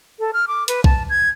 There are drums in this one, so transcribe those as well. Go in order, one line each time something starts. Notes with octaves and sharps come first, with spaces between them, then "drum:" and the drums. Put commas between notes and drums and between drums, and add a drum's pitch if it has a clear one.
A4
F6
D6
B4, drum: hi-hat
A5, drum: kick
G#6